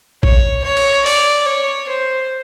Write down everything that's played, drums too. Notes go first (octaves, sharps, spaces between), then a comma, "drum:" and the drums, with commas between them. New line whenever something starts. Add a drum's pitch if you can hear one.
C#5, drum: kick A#1
C#5
drum: cymbal
D5, drum: open hi-hat
C#5
C5